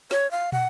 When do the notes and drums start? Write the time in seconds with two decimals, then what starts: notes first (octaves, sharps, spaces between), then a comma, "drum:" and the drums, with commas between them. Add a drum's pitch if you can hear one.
0.11 C#5, drum: snare
0.31 F5
0.52 F#5, drum: tom